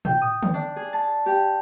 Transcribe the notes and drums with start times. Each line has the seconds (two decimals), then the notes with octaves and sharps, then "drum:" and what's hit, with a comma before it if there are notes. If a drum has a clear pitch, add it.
0.05 G5, drum: tom A2
0.22 D#6
0.43 drum: tom
0.54 D4
0.76 G#4
0.93 A5
1.26 G4